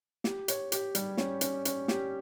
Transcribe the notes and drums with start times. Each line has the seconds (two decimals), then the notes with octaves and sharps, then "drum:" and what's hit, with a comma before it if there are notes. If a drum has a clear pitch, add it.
0.24 G4, drum: snare
0.48 C#5, drum: hi-hat
0.72 G4, drum: hi-hat
0.95 G3, drum: hi-hat
1.17 C#4, drum: snare
1.41 C#4, drum: hi-hat
1.65 C#4, drum: hi-hat
1.88 G4, drum: snare